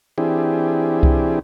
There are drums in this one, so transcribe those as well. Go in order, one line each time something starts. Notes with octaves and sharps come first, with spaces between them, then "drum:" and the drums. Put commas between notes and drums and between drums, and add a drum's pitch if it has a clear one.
E3 C4 D4 E4 G4 G#4
drum: kick C2